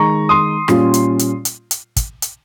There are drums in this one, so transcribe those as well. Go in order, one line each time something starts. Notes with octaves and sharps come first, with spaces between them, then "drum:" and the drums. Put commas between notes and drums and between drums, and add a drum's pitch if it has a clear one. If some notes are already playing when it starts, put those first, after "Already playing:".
Already playing: D#3 G#3 D#4 A#5 C#6
C6 D#6
A#2 G3 C#4 F4, drum: rim click
drum: hi-hat
drum: hi-hat
drum: hi-hat
drum: hi-hat
drum: kick, hi-hat
drum: hi-hat